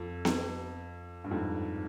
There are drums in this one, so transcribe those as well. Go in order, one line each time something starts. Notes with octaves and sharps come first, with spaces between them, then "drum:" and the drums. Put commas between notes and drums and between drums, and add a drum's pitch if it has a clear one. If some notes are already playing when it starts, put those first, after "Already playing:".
Already playing: F2
drum: snare B3
G2
F2 G#2